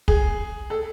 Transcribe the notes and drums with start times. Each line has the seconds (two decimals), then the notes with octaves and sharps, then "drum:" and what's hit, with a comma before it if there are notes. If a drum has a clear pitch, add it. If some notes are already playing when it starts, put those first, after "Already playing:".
0.08 G#4, drum: kick
0.70 A4